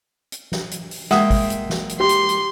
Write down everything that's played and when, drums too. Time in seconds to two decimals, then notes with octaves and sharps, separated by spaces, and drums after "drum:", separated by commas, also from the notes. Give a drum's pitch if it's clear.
0.32 drum: hi-hat
0.52 drum: snare
0.71 drum: hi-hat
0.91 drum: open hi-hat
1.11 G#3 A#3 E5 F#5 G5 D#6, drum: snare
1.30 drum: kick G#1, open hi-hat
1.50 drum: hi-hat
1.70 drum: snare
1.89 drum: hi-hat
2.00 G4 C6
2.09 drum: hi-hat
2.29 drum: hi-hat